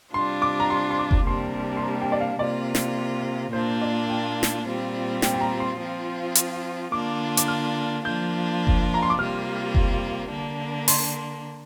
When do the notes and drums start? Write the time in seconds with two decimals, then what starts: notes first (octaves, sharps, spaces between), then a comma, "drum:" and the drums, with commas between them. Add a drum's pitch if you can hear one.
0.13 C3 G3 D4 F4 C6
0.42 D6
0.60 A#5
0.70 C6
0.91 C6
0.99 D6
1.11 drum: kick F#1
1.27 C3 G3 A#3 D4 C6
1.77 C6
1.83 A#5
2.02 G5
2.12 D5
2.21 F5
2.39 C3 A#3 F4 D5
2.75 drum: snare
3.53 A#2 A#3 D4 F4 C5
3.82 D5
4.09 G5
4.43 drum: snare
4.65 A#2 G3 C4 F4
5.22 G5, drum: snare
5.34 G5
5.41 A#5
5.60 C6
5.79 F3 C4 F4
6.35 drum: hi-hat
6.92 D3 A#3 D4 F4 D6
7.37 D6, drum: hi-hat
7.48 F6
8.05 F3 A#3 D4 F4 G6
8.67 drum: kick F#1
8.94 A#5
9.03 C6
9.10 D6
9.18 C3 G3 A#3 F4 F6
9.75 drum: kick F#1
10.31 D3 A#3 D4
10.88 C6, drum: open hi-hat